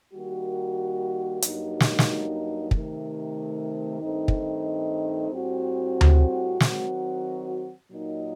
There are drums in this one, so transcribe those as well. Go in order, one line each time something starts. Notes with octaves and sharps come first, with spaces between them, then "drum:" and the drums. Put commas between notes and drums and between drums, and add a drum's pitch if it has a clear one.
D#3 G3 A#3 F#4
G2 F#3 A#3 D#4 G4, drum: hi-hat
drum: snare
drum: snare
C3 D#3 A3, drum: kick
G2 D#3 A3 C4 D#4
drum: kick
A2 G3 C4 F#4
drum: tom D2
D#3 F#3 C4 F#4, drum: snare
A#2 F#3 A#3 D#4